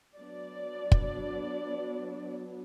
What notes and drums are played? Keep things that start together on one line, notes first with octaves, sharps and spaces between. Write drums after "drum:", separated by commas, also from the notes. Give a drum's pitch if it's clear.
F#3 B3 D4 D5
drum: kick